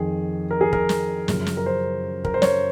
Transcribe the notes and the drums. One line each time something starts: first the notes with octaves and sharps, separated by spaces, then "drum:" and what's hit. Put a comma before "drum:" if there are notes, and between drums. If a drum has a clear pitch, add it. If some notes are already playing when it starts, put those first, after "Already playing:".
Already playing: F2 D#3 G#4
A#4
G#4
A#4, drum: kick
drum: snare
F#2 C#3 F3, drum: snare
drum: snare
A#4
C5
A#4, drum: kick
C5
C#5, drum: snare